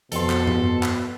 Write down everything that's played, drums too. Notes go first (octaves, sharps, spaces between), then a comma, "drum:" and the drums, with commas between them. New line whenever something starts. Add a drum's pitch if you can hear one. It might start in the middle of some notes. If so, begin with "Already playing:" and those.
F2 B2 A4 C6, drum: hi-hat
drum: clap
drum: tom G2
drum: clap